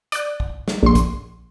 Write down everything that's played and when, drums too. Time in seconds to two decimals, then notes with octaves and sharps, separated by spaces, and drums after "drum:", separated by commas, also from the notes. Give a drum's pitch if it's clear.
0.12 D5 F#6, drum: hi-hat
0.40 drum: kick
0.68 drum: snare
0.83 A#1 C6
0.95 drum: kick, hi-hat